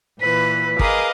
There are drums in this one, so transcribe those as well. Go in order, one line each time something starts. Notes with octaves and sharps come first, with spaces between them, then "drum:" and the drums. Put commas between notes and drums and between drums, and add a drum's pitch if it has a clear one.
A#2 E3 B4 B6
G#4 A#4 B4 D#5 F5 D6 D#6, drum: kick